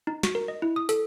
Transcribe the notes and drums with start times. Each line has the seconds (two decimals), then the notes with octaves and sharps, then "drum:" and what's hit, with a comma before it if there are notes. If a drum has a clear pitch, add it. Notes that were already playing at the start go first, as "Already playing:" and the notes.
0.07 D#4
0.23 F#4, drum: snare
0.35 A#4
0.48 D#5
0.62 E4
0.76 D#6
0.89 A4, drum: hi-hat